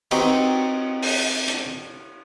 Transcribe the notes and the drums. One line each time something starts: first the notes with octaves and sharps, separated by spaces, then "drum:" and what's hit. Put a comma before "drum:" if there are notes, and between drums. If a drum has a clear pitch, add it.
C4 D#4 F#4 G4 B4 G5, drum: cymbal
drum: open hi-hat
drum: hi-hat